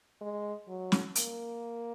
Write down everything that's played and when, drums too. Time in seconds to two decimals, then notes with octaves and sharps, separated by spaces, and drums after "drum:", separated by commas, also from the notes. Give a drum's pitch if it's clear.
0.21 G#3
0.68 F#3
0.92 drum: snare
1.15 A#3, drum: hi-hat